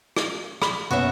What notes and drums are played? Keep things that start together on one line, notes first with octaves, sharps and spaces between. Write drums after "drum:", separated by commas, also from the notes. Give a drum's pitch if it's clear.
drum: rim click
B5, drum: rim click
F#1 B3 C#4 F#4 E5